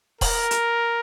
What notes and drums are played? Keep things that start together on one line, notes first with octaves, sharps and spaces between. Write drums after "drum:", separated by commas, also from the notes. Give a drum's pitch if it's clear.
A#4, drum: kick D#1, open hi-hat
drum: hi-hat